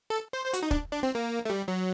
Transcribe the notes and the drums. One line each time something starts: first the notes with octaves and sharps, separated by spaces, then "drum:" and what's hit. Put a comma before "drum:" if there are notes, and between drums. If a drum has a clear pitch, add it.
A4
C5
C5
F#4, drum: hi-hat
D#4
D4, drum: kick
D4
C4
A#3
A3
G3
F#3